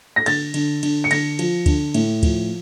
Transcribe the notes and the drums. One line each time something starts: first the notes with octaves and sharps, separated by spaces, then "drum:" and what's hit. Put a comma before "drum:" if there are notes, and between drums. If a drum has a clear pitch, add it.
A#6
D3 A6, drum: cymbal
D3, drum: cymbal
D3, drum: cymbal
C#7
D3 A#6, drum: cymbal
F3, drum: cymbal
D3, drum: kick, cymbal
A2, drum: cymbal
F3, drum: kick, cymbal